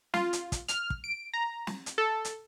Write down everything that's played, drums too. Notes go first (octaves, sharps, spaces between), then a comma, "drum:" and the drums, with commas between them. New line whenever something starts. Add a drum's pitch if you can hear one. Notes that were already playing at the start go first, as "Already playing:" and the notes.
F4, drum: snare
drum: hi-hat
drum: kick, hi-hat
F6, drum: hi-hat
drum: kick
D7
A#5
drum: snare
drum: hi-hat
A4
drum: hi-hat